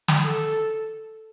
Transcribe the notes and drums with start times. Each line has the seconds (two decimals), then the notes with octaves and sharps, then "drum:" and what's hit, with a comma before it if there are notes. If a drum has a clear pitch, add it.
0.08 drum: snare
0.24 A4